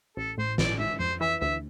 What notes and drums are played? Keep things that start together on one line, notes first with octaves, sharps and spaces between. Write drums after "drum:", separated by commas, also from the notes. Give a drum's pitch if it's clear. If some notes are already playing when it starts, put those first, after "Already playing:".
A1 A4
A2 C5
G#1 D5, drum: snare
G#2 E5
F2 C5
E3 E5
D2 E5